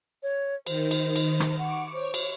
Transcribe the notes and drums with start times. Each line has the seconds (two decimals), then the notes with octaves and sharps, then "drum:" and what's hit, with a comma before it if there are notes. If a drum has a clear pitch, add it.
0.23 C#5
0.66 D#3 C5, drum: cymbal
0.91 drum: cymbal
1.16 drum: cymbal
1.40 drum: rim click
1.59 F#5 C#6 D6
1.93 C5 C#5
2.14 drum: cymbal